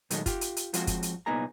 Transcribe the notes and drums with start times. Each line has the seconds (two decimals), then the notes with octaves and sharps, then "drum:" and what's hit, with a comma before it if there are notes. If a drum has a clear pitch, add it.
0.10 A#2 D#3 F#3 G#3 A3, drum: hi-hat
0.26 F4 G4, drum: kick, hi-hat
0.41 drum: hi-hat
0.57 drum: hi-hat
0.74 F3 G#3 C4 F4 F#4, drum: hi-hat
0.87 drum: kick, hi-hat
1.03 drum: hi-hat
1.26 C2 A#2 B3 D#4 G#4 A#5